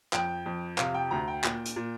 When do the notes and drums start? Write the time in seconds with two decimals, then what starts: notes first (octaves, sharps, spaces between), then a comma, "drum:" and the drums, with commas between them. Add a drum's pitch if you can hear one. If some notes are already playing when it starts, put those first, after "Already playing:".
0.13 F2 G5, drum: clap
0.46 F2
0.78 C3 F5, drum: clap
0.94 G5
1.11 D2 A#5
1.28 G5
1.44 A#2, drum: clap
1.65 drum: hi-hat
1.76 A#2